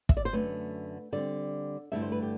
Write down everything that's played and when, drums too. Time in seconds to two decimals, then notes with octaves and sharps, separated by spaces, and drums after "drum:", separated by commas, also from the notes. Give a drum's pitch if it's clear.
0.09 E5, drum: kick
0.17 D5
0.25 C5
0.33 F#2 D3 A3 B4
1.13 D3 G3 C4 D5
1.92 G2 D3 A3 E4 E5
2.02 C5
2.12 B4
2.22 G4